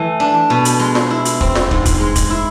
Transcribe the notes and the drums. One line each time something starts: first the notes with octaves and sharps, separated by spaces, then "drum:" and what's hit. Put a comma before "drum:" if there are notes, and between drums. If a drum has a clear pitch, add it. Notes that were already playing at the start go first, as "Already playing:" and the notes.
Already playing: E3 A3
D4
B2
drum: hi-hat
G#3
drum: snare
E4
drum: hi-hat
C4, drum: kick
drum: snare
G#2, drum: kick
drum: kick, hi-hat
G#3
drum: kick, hi-hat
E4